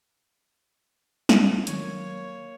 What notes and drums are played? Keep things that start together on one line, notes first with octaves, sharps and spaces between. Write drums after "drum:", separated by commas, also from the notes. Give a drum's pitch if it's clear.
drum: snare
D#3 F#3 A#3 C#5 G#6, drum: hi-hat